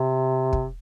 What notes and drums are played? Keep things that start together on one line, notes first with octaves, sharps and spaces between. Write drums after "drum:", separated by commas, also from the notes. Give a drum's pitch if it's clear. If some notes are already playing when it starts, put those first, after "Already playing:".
Already playing: C3
drum: kick